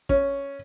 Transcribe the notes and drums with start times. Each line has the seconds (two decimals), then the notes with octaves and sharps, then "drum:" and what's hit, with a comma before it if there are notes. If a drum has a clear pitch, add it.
0.09 C#4, drum: kick